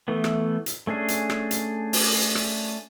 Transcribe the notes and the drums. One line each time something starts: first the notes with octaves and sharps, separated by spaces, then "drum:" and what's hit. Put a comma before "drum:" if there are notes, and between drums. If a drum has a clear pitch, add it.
E3 A3 B3
drum: rim click
drum: hi-hat
A3 C#4 D4 G#4
drum: hi-hat
drum: rim click
drum: hi-hat
drum: open hi-hat
drum: rim click